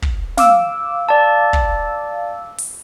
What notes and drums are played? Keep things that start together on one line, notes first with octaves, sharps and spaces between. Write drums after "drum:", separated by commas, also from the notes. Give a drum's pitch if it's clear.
drum: kick
F5 D6 E6, drum: snare
D5 A5
drum: kick
drum: open hi-hat